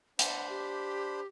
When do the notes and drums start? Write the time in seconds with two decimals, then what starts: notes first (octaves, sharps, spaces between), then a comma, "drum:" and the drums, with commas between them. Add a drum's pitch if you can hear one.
0.19 D4 C5 F#5 B5, drum: hi-hat
0.50 G4